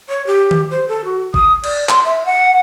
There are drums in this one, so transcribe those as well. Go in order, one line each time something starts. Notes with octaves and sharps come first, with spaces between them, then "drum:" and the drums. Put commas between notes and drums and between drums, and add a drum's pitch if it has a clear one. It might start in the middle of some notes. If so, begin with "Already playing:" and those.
C#5
G4
drum: tom D#3
C5
A4
F#4
D#6, drum: kick G#1
D5, drum: cymbal
C6, drum: clap
E5
F#5